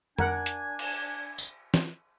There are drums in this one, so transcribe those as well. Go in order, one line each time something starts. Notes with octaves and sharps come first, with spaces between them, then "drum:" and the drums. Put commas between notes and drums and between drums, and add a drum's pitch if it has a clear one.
D4 A#4 F#5 G#5, drum: tom F2
drum: hi-hat
drum: cymbal
drum: tambourine
drum: snare